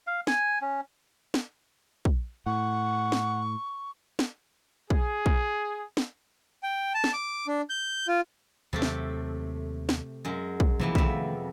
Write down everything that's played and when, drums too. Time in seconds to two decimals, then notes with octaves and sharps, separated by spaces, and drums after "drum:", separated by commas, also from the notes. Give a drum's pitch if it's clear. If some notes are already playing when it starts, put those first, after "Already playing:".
0.07 F5
0.27 G#5, drum: snare
0.61 C#4
1.34 drum: snare
2.05 drum: kick
2.46 A2 F#5 C#6
3.12 drum: snare
4.19 drum: snare
4.90 G#4, drum: kick
5.26 drum: kick
5.97 drum: snare
6.63 G5
6.94 A5
7.04 drum: snare
7.13 D6
7.47 D4
7.69 G6
8.08 F4
8.73 D#2 C3 F#3 A3 A4
8.82 drum: snare
9.89 drum: snare
10.25 F#2 G#3
10.60 drum: kick
10.79 B1 C3 E3 F3 A#3 B3
10.95 F2 D#3 A3 C#4 E5, drum: kick